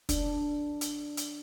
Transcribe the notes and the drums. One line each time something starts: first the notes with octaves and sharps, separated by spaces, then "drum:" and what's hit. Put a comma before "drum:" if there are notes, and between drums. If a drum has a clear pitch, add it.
D4, drum: kick, hi-hat
drum: hi-hat
drum: hi-hat